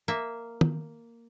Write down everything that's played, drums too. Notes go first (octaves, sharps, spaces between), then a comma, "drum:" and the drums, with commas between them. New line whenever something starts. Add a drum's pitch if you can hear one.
A#3 E5
drum: tom